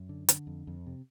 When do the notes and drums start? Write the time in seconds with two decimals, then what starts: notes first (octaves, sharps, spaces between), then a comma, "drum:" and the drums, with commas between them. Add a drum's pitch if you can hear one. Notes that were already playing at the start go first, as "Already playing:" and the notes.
Already playing: F#2
0.09 D3
0.29 D3, drum: hi-hat
0.47 F2
0.67 F2
0.86 C3